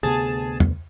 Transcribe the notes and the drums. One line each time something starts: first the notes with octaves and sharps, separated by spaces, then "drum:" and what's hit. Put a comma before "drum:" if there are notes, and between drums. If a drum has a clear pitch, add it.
D2 C3 B3 G#4 A5
drum: tom